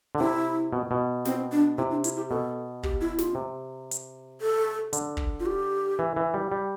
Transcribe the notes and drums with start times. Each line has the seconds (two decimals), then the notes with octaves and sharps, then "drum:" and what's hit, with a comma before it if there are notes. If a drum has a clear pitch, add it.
0.15 D3
0.20 C3 E4
0.73 B2
0.91 B2
1.25 C4, drum: snare
1.52 D4
1.78 C3 E4
1.91 D4
2.04 E4, drum: hi-hat
2.17 G4
2.30 B2 A4
2.83 G4, drum: kick
3.01 E4
3.19 F4, drum: snare
3.35 C3
3.91 drum: hi-hat
4.41 A4
4.93 D3, drum: hi-hat
5.17 drum: kick
5.40 F4
5.46 G4
5.99 E3
6.16 E3
6.34 G3
6.52 G3